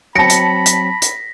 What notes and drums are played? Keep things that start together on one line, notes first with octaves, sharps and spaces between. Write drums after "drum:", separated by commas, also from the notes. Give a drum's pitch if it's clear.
F#3 C4 A5 B5 A#6 C#7
drum: hi-hat
B6, drum: hi-hat
drum: hi-hat